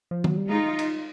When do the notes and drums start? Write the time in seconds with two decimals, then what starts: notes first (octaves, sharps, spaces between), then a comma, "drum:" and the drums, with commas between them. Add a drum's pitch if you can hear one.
0.11 F3
0.24 F#3, drum: tom D#3
0.37 G3
0.49 G#3 D#4 F4
0.79 drum: cymbal